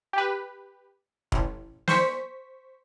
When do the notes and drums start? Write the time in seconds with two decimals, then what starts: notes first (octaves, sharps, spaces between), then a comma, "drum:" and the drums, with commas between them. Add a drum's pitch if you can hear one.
0.13 G4 B4
1.32 A1, drum: kick E1
1.88 C5 C#6 B6, drum: snare